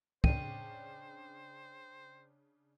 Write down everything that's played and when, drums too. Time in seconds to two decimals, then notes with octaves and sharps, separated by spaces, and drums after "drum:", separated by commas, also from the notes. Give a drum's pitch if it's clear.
0.24 C#3 C#4 D4 C5 G5 D#7, drum: kick